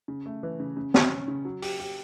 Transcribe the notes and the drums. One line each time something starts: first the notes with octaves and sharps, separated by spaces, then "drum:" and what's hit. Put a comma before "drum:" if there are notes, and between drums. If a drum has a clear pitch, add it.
C#3
A3
E3
C#3
C#3
C#4, drum: snare
C#4
C#3
F#3
G4, drum: open hi-hat
G4